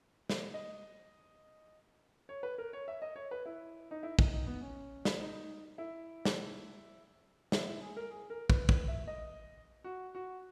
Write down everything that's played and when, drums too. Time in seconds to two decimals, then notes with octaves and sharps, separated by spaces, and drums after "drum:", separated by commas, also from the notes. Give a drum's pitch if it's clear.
0.30 drum: snare
0.54 D#5
2.29 C#5
2.43 B4
2.58 A#4
2.73 C#5
2.88 E5
3.02 D#5
3.16 C#5
3.31 B4
3.45 E4
3.91 D#4
4.03 E4
4.19 D#4, drum: kick
4.33 D#4
4.46 B3
4.61 C#4
5.05 drum: snare
5.20 D#4
5.78 E4
6.25 drum: snare
7.52 E4, drum: snare
7.67 E4
7.81 G#4
7.97 A#4
8.10 G#4
8.30 A#4
8.50 B4, drum: kick
8.69 B4, drum: kick
8.88 E5
9.07 D#5
9.84 F#4
10.15 F#4